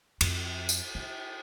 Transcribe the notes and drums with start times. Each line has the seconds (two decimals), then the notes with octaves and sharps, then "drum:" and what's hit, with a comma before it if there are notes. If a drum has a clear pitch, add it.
0.21 F2, drum: cymbal
0.69 drum: tambourine
0.95 D#4